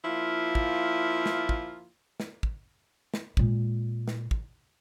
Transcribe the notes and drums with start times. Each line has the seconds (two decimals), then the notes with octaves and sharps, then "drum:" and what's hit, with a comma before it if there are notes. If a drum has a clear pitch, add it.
0.05 F3 A#3 E4 F4
0.55 drum: kick
1.26 drum: snare
1.49 drum: kick
2.20 drum: snare
2.43 drum: kick
3.14 drum: snare
3.37 A#2 G#3, drum: kick
4.08 drum: snare
4.31 drum: kick